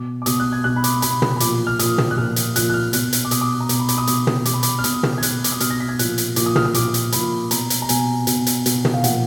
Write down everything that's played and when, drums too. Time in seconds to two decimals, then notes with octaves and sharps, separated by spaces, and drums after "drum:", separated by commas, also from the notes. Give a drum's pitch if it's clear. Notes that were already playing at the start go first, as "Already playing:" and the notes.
Already playing: B2 D6
0.22 D6
0.26 B2 D#6, drum: hi-hat
0.40 F#6
0.52 G#6
0.64 B2 F#6
0.76 B5
0.84 D6, drum: hi-hat
1.02 B2 B5, drum: hi-hat
1.22 drum: tom
1.36 B5
1.40 A#2 F3 D6, drum: hi-hat
1.67 F6
1.79 A#2 F3 D#6, drum: hi-hat
1.98 drum: tom
2.11 F#6
2.18 A#2 F3 F6
2.36 drum: hi-hat
2.56 A#2 F3 F#6, drum: hi-hat
2.70 F#6
2.74 F6
2.93 B2 F#6, drum: hi-hat
3.13 drum: hi-hat
3.25 D6
3.31 B2 D#6, drum: hi-hat
3.41 D6
3.60 A#5
3.69 B2 D6, drum: hi-hat
3.79 B5
3.89 D6, drum: hi-hat
3.98 D#6
4.07 B2 D6, drum: hi-hat
4.27 drum: tom
4.45 B2 D6, drum: hi-hat
4.54 B5
4.63 D6, drum: hi-hat
4.79 F6
4.84 B2 D#6, drum: hi-hat
5.03 drum: tom
5.18 G#6
5.23 B2 F#6, drum: hi-hat
5.44 D6, drum: hi-hat
5.52 D#6
5.60 B2 F6, drum: hi-hat
5.70 A#6
5.80 B6
5.88 G#6
5.99 A#2 F3 F#6, drum: hi-hat
6.18 drum: hi-hat
6.36 A#2 F3 D6, drum: hi-hat
6.46 D#6
6.56 F6, drum: tom
6.65 D#6
6.74 A#2 F3 D6, drum: hi-hat
6.94 drum: hi-hat
7.12 A#2 F3 B5, drum: hi-hat
7.51 B2 A#5, drum: hi-hat
7.70 drum: hi-hat
7.82 A#5
7.89 B2 G#5, drum: hi-hat
8.27 B2, drum: hi-hat
8.47 drum: hi-hat
8.66 B2, drum: hi-hat
8.85 drum: tom
8.94 F5
9.04 A#2 F3 F#5, drum: hi-hat